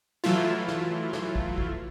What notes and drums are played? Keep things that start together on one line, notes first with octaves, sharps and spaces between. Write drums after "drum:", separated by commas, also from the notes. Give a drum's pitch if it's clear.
E3 F#3 A3 E4 F4
drum: snare
drum: snare
drum: kick
drum: kick